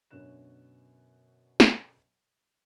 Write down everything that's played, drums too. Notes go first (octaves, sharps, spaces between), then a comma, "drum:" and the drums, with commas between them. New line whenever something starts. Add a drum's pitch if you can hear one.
F#2 B2 D3 C#5 F#6 E7
drum: snare